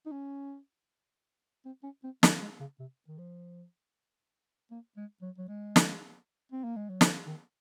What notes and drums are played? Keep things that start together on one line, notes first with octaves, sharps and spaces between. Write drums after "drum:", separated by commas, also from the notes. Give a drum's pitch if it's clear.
D#4
C#4
C4
C#4
C4
G#3, drum: snare
G#3
C#3
C3
D#3
F3
A#3
G#3
F#3
F#3
G#3
drum: snare
C4
A#3
G#3
F#3
F3, drum: snare
D#3